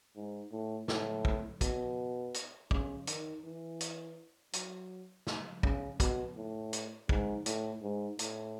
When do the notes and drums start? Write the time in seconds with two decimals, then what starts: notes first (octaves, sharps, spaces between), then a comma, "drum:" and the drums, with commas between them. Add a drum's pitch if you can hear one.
0.15 G#2
0.52 A2
0.88 A2, drum: snare
1.25 drum: kick
1.61 B2, drum: kick, hi-hat
2.34 drum: hi-hat
2.71 C#3, drum: kick
3.07 D#3, drum: hi-hat
3.44 E3
3.81 drum: hi-hat
4.53 F#3, drum: hi-hat
5.27 drum: snare
5.63 C#3, drum: kick
6.00 B2, drum: kick, hi-hat
6.36 A2
6.73 drum: hi-hat
7.09 G#2, drum: kick
7.46 A2, drum: hi-hat
7.82 G#2
8.19 A2, drum: hi-hat